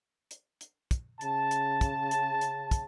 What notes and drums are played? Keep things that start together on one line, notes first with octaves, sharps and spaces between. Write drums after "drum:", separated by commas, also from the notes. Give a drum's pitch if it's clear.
drum: hi-hat
drum: hi-hat
drum: kick, hi-hat
C#3 A5, drum: hi-hat
drum: hi-hat
drum: kick, hi-hat
drum: hi-hat
drum: hi-hat
drum: kick, hi-hat